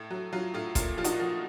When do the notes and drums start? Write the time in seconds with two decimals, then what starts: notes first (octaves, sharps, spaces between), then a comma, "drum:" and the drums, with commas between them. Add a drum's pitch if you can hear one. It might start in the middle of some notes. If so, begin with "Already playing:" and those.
Already playing: A2
0.10 F#3
0.33 F#3 F4
0.54 A2 F4
0.75 A#2 F4, drum: kick, hi-hat
0.98 F3 F4
1.04 D#4 F#4, drum: hi-hat
1.20 F3